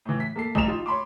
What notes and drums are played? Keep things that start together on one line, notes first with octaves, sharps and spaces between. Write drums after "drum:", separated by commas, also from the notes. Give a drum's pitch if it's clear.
A2 E3
B6
A#3 A4 C7
A1 F2 G3 A#5 E7 F7, drum: kick G#1
D#4 F4
C#5 B5 C6 D6